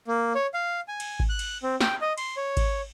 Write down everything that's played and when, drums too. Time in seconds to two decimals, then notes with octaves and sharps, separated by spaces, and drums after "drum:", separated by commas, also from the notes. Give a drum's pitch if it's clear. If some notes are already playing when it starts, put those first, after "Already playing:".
0.08 A#3
0.35 C#5
0.54 F5
0.88 G#5
1.00 drum: cymbal
1.20 drum: kick G#1
1.29 F#6
1.39 drum: cymbal
1.63 C4
1.81 G5, drum: snare
2.01 D#5
2.18 C6, drum: cymbal
2.37 C#5
2.57 drum: kick G#1, cymbal